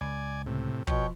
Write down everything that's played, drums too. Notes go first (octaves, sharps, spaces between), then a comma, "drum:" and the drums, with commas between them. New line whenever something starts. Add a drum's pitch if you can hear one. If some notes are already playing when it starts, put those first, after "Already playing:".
C#2 D5 G#5
A2 C3
B2 F3 C#5 G5, drum: kick